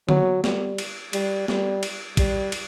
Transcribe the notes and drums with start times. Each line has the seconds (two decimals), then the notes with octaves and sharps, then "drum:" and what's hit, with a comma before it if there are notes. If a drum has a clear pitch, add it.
0.09 F#3, drum: tom D3
0.44 G3, drum: snare
0.78 drum: cymbal
1.13 G3, drum: cymbal
1.48 G3, drum: snare
1.83 drum: cymbal
2.17 G3, drum: kick, cymbal
2.52 drum: cymbal